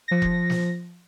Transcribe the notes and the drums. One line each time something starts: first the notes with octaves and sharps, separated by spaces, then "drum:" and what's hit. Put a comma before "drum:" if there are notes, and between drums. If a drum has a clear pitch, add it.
F3 A#6
drum: kick F1
drum: snare